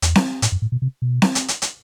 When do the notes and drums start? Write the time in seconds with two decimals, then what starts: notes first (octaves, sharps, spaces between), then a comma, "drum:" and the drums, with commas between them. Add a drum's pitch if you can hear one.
0.02 E2, drum: hi-hat
0.15 drum: snare C4
0.42 A2, drum: hi-hat
0.52 F#2
0.62 A2
0.72 B2
0.82 C3
1.02 B2
1.22 drum: snare C4
1.35 drum: hi-hat
1.48 drum: hi-hat
1.62 drum: hi-hat